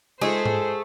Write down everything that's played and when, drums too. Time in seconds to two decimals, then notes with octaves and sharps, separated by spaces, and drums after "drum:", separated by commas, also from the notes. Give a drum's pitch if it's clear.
0.21 G#3 A3 D#4 F4 G#4 C5
0.45 drum: tom G#2